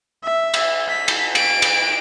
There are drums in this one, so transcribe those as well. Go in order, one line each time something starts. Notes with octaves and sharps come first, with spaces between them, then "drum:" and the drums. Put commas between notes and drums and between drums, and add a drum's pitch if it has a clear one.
E5
drum: cymbal
B6
drum: cymbal
D7, drum: cymbal
drum: cymbal